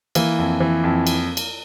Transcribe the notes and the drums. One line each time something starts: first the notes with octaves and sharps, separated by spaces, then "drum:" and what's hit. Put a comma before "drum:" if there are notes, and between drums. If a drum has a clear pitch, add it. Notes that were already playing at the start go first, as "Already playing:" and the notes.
E3 A#3, drum: cymbal
F2
E3
F2
drum: cymbal
drum: cymbal